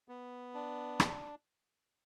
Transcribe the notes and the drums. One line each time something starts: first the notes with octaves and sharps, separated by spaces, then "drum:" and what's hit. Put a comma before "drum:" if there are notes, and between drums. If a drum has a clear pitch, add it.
B3
D4
drum: rim click